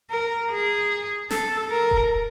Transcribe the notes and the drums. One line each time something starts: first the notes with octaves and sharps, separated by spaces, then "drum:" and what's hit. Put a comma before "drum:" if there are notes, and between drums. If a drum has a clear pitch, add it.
A#4
G#4
A4, drum: snare
A#4
drum: kick D#1